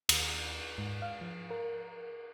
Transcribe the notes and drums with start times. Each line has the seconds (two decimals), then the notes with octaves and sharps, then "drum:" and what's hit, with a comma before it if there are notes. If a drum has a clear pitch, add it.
0.09 D#2, drum: cymbal
0.78 G#2
1.02 F5
1.21 F3
1.51 A#4